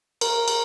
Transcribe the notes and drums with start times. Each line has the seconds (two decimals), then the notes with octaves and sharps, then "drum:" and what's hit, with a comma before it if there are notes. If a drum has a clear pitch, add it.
0.21 A#4, drum: cymbal
0.48 drum: cymbal